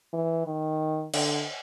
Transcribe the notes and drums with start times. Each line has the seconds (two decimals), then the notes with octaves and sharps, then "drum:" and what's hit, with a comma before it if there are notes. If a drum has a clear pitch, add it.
0.13 E3
0.46 D#3
1.14 D3, drum: cymbal